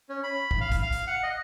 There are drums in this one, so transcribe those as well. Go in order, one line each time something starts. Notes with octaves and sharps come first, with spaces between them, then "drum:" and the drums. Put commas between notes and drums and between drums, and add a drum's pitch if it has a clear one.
C#4
B5
drum: kick
F5
drum: kick, hi-hat
F5
drum: hi-hat
F#5
D#5